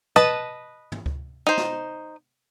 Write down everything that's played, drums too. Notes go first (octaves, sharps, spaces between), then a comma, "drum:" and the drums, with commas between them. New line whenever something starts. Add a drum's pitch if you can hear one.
B4 D#5 A5, drum: tom
drum: tom
drum: kick C#2
D#4 C5
drum: snare